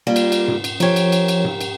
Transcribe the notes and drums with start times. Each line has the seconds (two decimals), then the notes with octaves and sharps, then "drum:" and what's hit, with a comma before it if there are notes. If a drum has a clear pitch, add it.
0.07 G3 A#3 F4
0.16 drum: cymbal
0.32 drum: cymbal
0.48 drum: tom G#2
0.64 drum: cymbal
0.80 F3 G4 A#4 C#5, drum: cymbal
0.96 drum: cymbal
1.12 drum: cymbal
1.28 drum: cymbal
1.44 drum: tom G#2
1.61 drum: cymbal